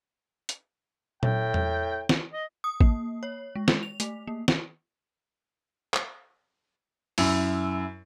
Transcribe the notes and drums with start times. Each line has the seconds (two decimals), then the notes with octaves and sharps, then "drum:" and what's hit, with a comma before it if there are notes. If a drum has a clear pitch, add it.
0.49 drum: hi-hat
1.23 A2 G5, drum: tom A#2
1.54 drum: tom E2
2.09 drum: snare
2.33 D#5
2.64 D#6
2.81 A#3, drum: kick A1
3.23 C#5
3.56 G#3
3.68 drum: snare
3.83 F7
4.00 A3, drum: hi-hat
4.27 A#3
4.48 drum: snare
5.94 drum: clap
7.18 F#2 E4, drum: open hi-hat